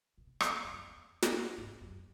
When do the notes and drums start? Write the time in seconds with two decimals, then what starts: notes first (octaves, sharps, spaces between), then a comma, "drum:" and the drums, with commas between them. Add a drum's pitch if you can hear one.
0.18 B2
0.40 A2, drum: rim click
0.64 F#2
0.87 E2
1.22 F#2, drum: snare
1.57 G#2
1.81 F#2